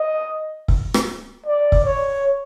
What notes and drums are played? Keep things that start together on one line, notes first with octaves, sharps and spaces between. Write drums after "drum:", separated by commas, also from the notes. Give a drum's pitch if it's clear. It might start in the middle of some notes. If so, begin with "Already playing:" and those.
Already playing: D#5
drum: kick
drum: rim click
D5
drum: kick
C#5